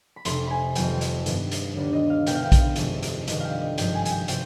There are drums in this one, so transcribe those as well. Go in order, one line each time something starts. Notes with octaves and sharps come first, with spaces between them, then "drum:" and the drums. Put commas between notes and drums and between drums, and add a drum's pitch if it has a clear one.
B5
F1 F2 C3 C6, drum: hi-hat
G#5 B5
F2 D#3 G3 B3 G5, drum: hi-hat
drum: hi-hat
G2 D#3 G3 B3, drum: hi-hat
drum: hi-hat
D#2 D3 G3 B3 D4
D#5
F5
C2 B2 B3 D4 G5, drum: hi-hat
F5
G5
F5, drum: kick A#1, hi-hat
G1 F2 C3 D#3 G#3, drum: hi-hat
drum: hi-hat
G1 G2 D#3 D#5, drum: hi-hat
F5 G5
D#5
G#1 G2 F3 G5, drum: hi-hat
G#5
G#5, drum: hi-hat
G5
C3 F3 C4 G5, drum: hi-hat